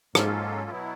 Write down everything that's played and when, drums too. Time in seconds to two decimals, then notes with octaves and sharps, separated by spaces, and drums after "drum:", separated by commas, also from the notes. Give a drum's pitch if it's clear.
0.15 G#2 F#3 A#3 C#4 F4 A4, drum: rim click
0.70 B2 F#3 B3 E4